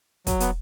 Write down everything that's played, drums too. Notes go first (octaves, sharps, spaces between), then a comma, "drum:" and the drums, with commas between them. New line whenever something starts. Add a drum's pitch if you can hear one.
F#3, drum: kick, hi-hat
B3, drum: hi-hat